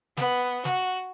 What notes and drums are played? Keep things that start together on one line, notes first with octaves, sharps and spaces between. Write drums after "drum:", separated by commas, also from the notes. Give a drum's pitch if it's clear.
B3, drum: snare
F#4, drum: snare